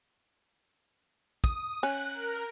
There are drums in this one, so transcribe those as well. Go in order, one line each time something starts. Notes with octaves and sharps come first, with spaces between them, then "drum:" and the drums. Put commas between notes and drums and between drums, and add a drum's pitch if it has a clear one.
D#6, drum: kick
C#4 F#6, drum: cymbal
A#4